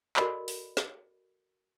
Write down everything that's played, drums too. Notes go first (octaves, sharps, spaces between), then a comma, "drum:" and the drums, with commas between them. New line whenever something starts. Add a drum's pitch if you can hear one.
F#4 A4 A#4 D5 D#5 B5, drum: clap
drum: open hi-hat
drum: snare